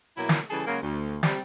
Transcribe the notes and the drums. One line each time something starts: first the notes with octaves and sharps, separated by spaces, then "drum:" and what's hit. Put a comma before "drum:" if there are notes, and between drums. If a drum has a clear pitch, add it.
B2 F#3 A#3 E4
drum: snare
C#3 E3 G3 G#4 A4
C#3 F#3 G#3 A#3
D2
C3 G3, drum: snare